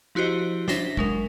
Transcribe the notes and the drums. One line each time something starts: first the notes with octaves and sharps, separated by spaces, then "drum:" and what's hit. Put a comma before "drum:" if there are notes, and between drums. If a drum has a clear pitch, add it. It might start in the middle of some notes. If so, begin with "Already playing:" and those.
F3 E4 F#4 G4 C5 D#5
D4 C5 E5 A#6 B6, drum: snare
F#3 G#3 A#4, drum: kick